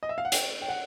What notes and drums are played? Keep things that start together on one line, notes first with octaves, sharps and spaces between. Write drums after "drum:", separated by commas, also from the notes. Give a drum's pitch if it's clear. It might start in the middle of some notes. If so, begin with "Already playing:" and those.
D#5
E5
F5
F#5
G5, drum: hi-hat
G5
F#5